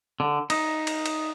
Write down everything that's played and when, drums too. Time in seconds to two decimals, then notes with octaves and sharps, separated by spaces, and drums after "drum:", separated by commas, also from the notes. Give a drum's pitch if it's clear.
0.20 D3
0.50 D#4, drum: cymbal
0.87 drum: cymbal
1.06 drum: cymbal